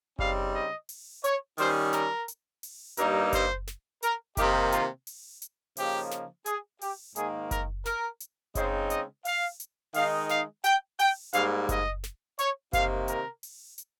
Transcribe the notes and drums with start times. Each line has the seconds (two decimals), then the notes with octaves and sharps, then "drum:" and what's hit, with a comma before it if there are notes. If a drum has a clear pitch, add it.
0.19 C#3 G3 C4 D#4 F5, drum: kick F#1
0.54 D#5
0.89 drum: open hi-hat
1.24 C#5, drum: hi-hat
1.58 D#3 G3 C#4 C5, drum: open hi-hat
1.93 A#4, drum: snare
2.28 drum: hi-hat
2.63 drum: open hi-hat
2.97 G2 G3 A#3 D#4 A#4, drum: hi-hat
3.33 C5, drum: kick F#1, hi-hat
3.67 drum: snare
4.03 A#4, drum: hi-hat
4.37 C3 D#3 A#3 D#4 G4, drum: kick F#1, hi-hat
4.72 F4, drum: hi-hat
5.07 drum: open hi-hat
5.42 drum: hi-hat
5.77 C#3 F3 A#3 D#4 G4, drum: open hi-hat
6.11 drum: snare
6.46 G#4, drum: hi-hat
6.81 G4, drum: open hi-hat
7.16 G#2 D#3 A#3 G#4, drum: hi-hat
7.51 A#4, drum: kick F#1, hi-hat
7.86 A#4, drum: snare
8.20 drum: hi-hat
8.55 C#3 G#3 C4 D#4 C5, drum: kick F#1, hi-hat
8.90 D#5, drum: hi-hat
9.25 F5, drum: open hi-hat
9.60 drum: hi-hat
9.94 D#3 G#3 D#4 F5, drum: open hi-hat
10.29 F5, drum: snare
10.64 G5, drum: hi-hat
10.99 G5, drum: open hi-hat
11.33 G#2 G3 A#3 F5, drum: hi-hat
11.69 D#5, drum: kick F#1, hi-hat
12.04 drum: snare
12.39 C#5, drum: hi-hat
12.73 C3 D#3 A#3 F5, drum: kick F#1, hi-hat
13.08 A#4, drum: hi-hat
13.43 drum: open hi-hat
13.78 drum: hi-hat